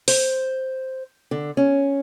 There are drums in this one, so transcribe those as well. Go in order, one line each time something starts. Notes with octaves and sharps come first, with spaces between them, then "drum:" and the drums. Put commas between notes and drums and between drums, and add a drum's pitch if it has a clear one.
C5, drum: open hi-hat
D3
C#4